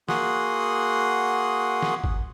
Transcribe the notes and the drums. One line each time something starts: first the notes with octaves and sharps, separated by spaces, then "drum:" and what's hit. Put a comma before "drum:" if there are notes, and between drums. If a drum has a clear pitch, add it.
A#3 F#4 G#4 F#5 C6 D#6, drum: snare
drum: snare
drum: kick G#1